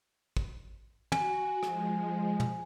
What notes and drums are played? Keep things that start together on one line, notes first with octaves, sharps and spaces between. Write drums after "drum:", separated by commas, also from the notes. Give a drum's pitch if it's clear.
drum: kick
F#4 G#5, drum: tom
F3 G#3, drum: rim click
drum: tom